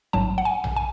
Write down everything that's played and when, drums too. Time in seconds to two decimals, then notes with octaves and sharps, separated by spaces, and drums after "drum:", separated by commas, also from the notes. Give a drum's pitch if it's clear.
0.13 A1 G#2 F#3 A5
0.38 F#5
0.45 G#5
0.64 drum: tom A#1
0.76 G#5